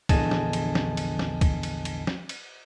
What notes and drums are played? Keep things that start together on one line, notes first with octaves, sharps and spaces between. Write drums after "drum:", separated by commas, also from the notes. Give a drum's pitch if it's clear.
A#1 E2 D3 D#5 G#5 A5, drum: kick, cymbal
drum: snare
drum: cymbal
drum: snare
drum: cymbal
drum: snare
drum: kick, cymbal
drum: cymbal
drum: cymbal
drum: snare
drum: cymbal